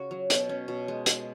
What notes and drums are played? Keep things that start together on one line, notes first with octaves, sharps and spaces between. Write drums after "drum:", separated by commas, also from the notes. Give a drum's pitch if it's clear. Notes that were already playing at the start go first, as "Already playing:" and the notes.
Already playing: C#3 C#4 F#4
F#3
B2, drum: hi-hat
C#4
B2
G#3
G#3, drum: hi-hat